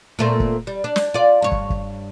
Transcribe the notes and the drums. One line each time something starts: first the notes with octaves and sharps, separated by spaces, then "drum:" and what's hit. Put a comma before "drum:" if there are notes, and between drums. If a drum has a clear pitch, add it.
A#2 A3 C4
drum: kick
G3
D4
drum: snare
F4 D5
G2 C#5
drum: kick
drum: kick